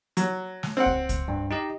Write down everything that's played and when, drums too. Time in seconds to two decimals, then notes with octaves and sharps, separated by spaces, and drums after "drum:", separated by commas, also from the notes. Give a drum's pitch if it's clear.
0.17 F#3, drum: hi-hat
0.63 drum: snare
0.77 C4 F#5
0.86 drum: kick C#2
1.09 drum: kick C#2, hi-hat
1.28 G2
1.51 D#4 G4 D#5